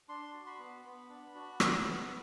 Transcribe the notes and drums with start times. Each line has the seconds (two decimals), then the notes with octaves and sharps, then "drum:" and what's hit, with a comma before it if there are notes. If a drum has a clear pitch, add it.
0.08 D4 C6
0.34 F#4
0.47 B5
0.59 B3
0.85 B3
1.09 D4
1.35 F#4
1.60 B3, drum: rim click
1.86 B3